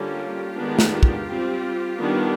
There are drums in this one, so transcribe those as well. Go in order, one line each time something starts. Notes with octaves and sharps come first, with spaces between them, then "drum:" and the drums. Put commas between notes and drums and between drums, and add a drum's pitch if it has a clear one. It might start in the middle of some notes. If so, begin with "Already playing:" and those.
Already playing: D3 G3 A#3 C#4 F4 G4
D#3 G#3 B3 D4
drum: snare
drum: kick
G3 C4
D#3 G3 B3 D4